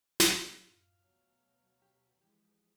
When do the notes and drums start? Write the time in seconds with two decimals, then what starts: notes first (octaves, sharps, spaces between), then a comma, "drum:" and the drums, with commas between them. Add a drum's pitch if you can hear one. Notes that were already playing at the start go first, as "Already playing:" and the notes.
0.20 A3 F4 G4 C#5, drum: snare
0.62 F#2 A2 F5
1.01 D2 B2 F#3
1.82 G4
2.21 E3 F3 G#3 G4